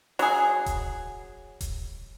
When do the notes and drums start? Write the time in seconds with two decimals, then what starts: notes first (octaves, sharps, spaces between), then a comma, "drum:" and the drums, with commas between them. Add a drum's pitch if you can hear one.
0.19 F#3 G#4, drum: open hi-hat
0.66 drum: kick D#1, hi-hat
1.61 drum: kick D#1, hi-hat